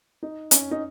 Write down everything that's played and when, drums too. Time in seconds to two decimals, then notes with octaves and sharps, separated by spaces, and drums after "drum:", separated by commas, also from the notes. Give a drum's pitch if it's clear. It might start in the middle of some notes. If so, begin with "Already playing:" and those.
0.23 D#4
0.51 C#4, drum: hi-hat
0.71 D#4